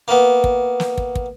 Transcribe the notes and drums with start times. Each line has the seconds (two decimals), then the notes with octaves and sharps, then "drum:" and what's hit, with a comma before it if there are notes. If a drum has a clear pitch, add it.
0.08 A#3 B3
0.44 drum: kick
0.80 drum: snare
0.98 drum: kick
1.15 drum: kick